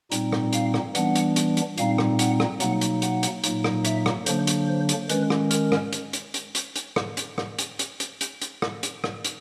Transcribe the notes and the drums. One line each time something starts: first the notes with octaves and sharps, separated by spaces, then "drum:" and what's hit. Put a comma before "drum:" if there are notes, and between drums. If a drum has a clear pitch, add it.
A#2 G3 C4 D#4, drum: hi-hat
drum: rim click
F5, drum: hi-hat
drum: rim click
E3 G3 B3 D4 F#5, drum: hi-hat
drum: hi-hat
drum: hi-hat
drum: hi-hat
A#2 G3 C4 D#4 F5, drum: hi-hat
drum: rim click
F#5, drum: hi-hat
drum: rim click
B2 F#3 A#3 D#4 F#5, drum: hi-hat
drum: hi-hat
F#5, drum: hi-hat
drum: hi-hat
A#2 F#3 A#3 D#4, drum: hi-hat
drum: rim click
E5, drum: hi-hat
drum: rim click
D3 F#3 A#3 D4 C5, drum: hi-hat
drum: hi-hat
C5
drum: hi-hat
D#3 G#3 C#4 B4, drum: hi-hat
drum: rim click
A#4, drum: hi-hat
drum: rim click
drum: hi-hat
drum: hi-hat
drum: hi-hat
drum: hi-hat
drum: hi-hat
drum: rim click
drum: hi-hat
drum: rim click
drum: hi-hat
drum: hi-hat
drum: hi-hat
drum: hi-hat
drum: hi-hat
drum: rim click
drum: hi-hat
drum: rim click
drum: hi-hat